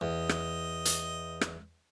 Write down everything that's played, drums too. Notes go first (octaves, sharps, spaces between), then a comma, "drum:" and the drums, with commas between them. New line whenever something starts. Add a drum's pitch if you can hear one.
E2 D#5
drum: rim click
drum: hi-hat
drum: rim click